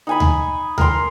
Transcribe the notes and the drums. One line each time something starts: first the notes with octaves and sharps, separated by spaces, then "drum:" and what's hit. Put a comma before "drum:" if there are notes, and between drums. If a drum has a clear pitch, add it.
D#4 G#5 B5
drum: tom D2
A#4 C6, drum: tom D2